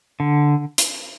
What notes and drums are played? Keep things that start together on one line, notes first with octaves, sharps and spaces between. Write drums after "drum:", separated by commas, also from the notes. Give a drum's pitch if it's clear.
D3
drum: hi-hat